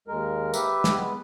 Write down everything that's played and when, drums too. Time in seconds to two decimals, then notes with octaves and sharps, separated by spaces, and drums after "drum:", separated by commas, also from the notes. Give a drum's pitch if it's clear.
0.08 D#2 G#3 A#4
0.54 G4 B4 E5, drum: tambourine
0.84 drum: snare
0.95 G#3 B3 B4